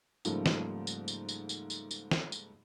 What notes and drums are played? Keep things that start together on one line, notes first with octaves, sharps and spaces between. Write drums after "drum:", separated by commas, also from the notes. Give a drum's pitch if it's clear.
G#2 C#3 F3 G3 A3 A#3, drum: tambourine
drum: snare
drum: tambourine
drum: tambourine
drum: tambourine
drum: tambourine
drum: tambourine
drum: tambourine
drum: snare
drum: tambourine